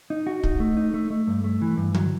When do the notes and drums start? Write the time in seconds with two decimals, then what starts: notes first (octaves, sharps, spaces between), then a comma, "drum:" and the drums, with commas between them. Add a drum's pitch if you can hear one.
0.10 D#4
0.27 F#4
0.43 D#4, drum: kick
0.60 A3
0.77 D#4
0.94 A3
1.10 A3
1.27 G2
1.44 A3
1.62 E3
1.77 G2
1.94 F#3, drum: tom D3